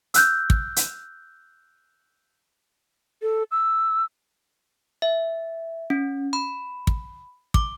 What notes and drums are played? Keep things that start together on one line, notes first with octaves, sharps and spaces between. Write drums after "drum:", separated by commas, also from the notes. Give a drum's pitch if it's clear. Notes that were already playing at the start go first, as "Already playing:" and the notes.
E6 F#6 G6, drum: hi-hat
drum: kick
drum: hi-hat
A4
E6
E5
C#4
B5
drum: kick
D6, drum: kick